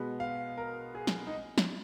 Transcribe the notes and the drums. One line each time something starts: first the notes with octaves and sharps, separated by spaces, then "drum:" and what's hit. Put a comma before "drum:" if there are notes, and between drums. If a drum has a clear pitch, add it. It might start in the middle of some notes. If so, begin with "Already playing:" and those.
Already playing: B2 G#3 B3
F5
A#4
G#4
drum: snare
D#4
drum: snare